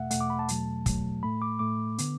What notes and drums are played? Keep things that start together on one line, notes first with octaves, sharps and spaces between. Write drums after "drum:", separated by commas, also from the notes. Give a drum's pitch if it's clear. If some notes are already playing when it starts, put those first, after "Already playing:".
Already playing: E2 B2 A3 E5 F#5
E2 B2 A3 F#5, drum: hi-hat
D6
B5
A5
E2 B2 F#3 A3, drum: hi-hat
E2 B2 F#3 A3, drum: kick, hi-hat
A2 A3 B5
D6
A2 A3 D6
D3 B3, drum: hi-hat